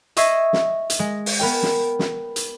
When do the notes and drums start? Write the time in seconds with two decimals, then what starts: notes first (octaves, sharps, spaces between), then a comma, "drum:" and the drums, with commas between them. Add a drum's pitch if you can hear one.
0.17 D#5 E5 C#6 E6 G#6 C7, drum: hi-hat
0.53 drum: snare
0.90 drum: hi-hat
0.99 G#3
1.26 drum: open hi-hat
1.39 B3 A#4 G5
1.63 drum: snare
1.99 drum: snare
2.36 drum: hi-hat